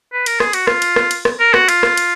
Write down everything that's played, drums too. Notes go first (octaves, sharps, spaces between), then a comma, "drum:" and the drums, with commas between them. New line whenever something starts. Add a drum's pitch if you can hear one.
B4
A#4, drum: cymbal
G#4, drum: rim click
F#4, drum: cymbal
F4, drum: rim click
drum: cymbal
drum: rim click
drum: cymbal
drum: rim click
A#4
F#4, drum: rim click
F4, drum: cymbal
drum: rim click
drum: cymbal